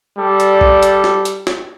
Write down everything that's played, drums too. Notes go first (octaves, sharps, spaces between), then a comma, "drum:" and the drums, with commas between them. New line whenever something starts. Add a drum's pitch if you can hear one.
G3 A4 D5
drum: hi-hat
drum: kick A1
drum: hi-hat
drum: snare
drum: hi-hat
drum: snare